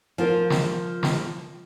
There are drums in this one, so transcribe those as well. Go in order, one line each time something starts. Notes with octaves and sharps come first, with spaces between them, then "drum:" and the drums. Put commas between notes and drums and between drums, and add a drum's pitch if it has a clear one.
F3 F4 A#4
drum: snare
drum: snare